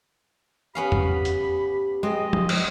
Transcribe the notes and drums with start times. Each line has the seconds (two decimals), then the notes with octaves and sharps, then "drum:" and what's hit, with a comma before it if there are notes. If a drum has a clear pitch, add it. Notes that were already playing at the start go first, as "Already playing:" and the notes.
0.75 B3 C#4 G4 F5 B5
0.92 drum: tom E2
1.25 drum: hi-hat
2.03 G#3 C4 D#5
2.33 drum: tom
2.49 drum: cymbal